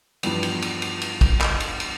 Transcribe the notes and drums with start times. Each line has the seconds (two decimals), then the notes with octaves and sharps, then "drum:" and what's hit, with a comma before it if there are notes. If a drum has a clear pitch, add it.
0.23 E2 G2 F3 G3 B3, drum: cymbal
0.43 drum: cymbal
0.62 drum: cymbal
0.82 drum: cymbal
1.02 drum: cymbal
1.21 drum: kick, cymbal
1.41 drum: clap
1.60 drum: cymbal
1.80 drum: cymbal